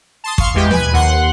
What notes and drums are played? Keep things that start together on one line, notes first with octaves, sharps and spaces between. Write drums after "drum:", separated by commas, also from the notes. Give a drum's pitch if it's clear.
A5 C6 D#6
F5 C6 C#6, drum: kick
E2 G#3 G4
B4 G#5, drum: tom D#2
D#2 F#5 C6